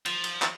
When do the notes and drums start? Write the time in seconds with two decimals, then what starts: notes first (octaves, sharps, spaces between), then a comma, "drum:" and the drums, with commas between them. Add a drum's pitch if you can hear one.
0.06 F3, drum: cymbal
0.24 drum: cymbal
0.42 drum: clap